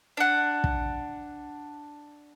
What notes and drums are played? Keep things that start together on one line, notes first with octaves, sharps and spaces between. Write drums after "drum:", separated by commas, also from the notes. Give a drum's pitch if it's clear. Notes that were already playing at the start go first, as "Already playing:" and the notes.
D4 F#5
drum: kick